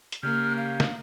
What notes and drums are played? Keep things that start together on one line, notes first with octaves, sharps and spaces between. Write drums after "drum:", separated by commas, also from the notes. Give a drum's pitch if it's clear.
drum: hi-hat
C#3 A#3 G4 F6
F5
drum: snare